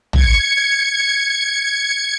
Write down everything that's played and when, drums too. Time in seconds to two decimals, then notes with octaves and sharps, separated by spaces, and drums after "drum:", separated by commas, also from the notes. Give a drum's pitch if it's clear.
0.13 G#6 C#7, drum: tom